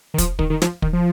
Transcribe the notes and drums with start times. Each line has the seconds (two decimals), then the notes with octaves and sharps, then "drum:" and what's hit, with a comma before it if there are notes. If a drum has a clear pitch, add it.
0.14 D#3
0.18 F3, drum: kick, hi-hat
0.39 D#3, drum: kick
0.50 D#3
0.62 F3, drum: snare
0.82 D#3, drum: kick
0.93 F3